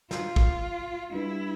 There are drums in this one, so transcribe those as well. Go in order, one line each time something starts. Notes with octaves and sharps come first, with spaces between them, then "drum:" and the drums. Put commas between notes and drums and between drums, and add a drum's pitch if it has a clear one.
F4, drum: snare
drum: kick
G2 E4